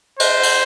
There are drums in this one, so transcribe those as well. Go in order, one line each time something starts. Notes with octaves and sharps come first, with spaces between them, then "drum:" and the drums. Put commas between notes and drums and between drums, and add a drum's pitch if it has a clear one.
C5, drum: cymbal
drum: cymbal